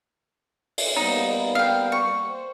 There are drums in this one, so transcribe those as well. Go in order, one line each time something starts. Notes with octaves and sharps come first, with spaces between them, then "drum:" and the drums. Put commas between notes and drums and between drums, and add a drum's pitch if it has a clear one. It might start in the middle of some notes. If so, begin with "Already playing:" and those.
drum: open hi-hat
G3 A#3 B3 D#4
F5 G5
C#6
C5